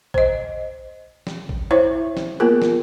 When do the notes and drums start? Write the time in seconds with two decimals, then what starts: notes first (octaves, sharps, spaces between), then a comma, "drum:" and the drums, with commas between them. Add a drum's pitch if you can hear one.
0.14 C5 D#5, drum: kick
1.27 drum: snare
1.49 drum: kick
1.71 E4 C5 C#5 E5
2.17 drum: snare
2.40 A#3 B3 F4 G#4 A#4
2.62 drum: snare